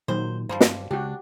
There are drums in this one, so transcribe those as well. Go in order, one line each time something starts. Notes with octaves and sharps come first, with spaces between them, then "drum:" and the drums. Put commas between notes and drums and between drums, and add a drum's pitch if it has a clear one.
A#2 D#3 F#3 C5
G2 F3 G3 A#3 C5
drum: snare
C#3 G#3 D4 F#4 G4